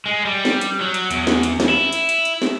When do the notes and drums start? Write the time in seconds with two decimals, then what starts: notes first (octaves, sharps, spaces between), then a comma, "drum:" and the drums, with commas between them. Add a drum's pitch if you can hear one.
0.06 G#3
0.25 G3
0.45 drum: snare
0.61 drum: hi-hat
0.81 F#3
0.94 drum: hi-hat
1.11 E2, drum: hi-hat
1.27 drum: snare
1.43 drum: hi-hat
1.60 drum: snare
1.69 E4
1.93 drum: hi-hat
2.09 drum: hi-hat
2.25 drum: hi-hat
2.42 drum: snare